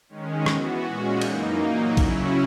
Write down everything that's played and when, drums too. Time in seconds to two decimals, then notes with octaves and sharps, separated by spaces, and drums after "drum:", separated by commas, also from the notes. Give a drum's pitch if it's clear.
0.09 D#3 G#3 C#4
0.46 E3 B3 F#4, drum: rim click
0.85 A#2 G#3 C#4 F#4
1.22 F#2 E3 A#3 D#4, drum: cymbal
1.60 A#2 F#3 A#3 D#4
1.97 C#3 F#3 C#4 E4, drum: kick A#1, cymbal